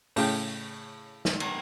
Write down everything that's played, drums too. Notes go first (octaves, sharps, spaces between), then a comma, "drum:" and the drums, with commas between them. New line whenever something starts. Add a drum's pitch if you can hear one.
A2 C#3 G5, drum: open hi-hat
drum: snare
drum: cymbal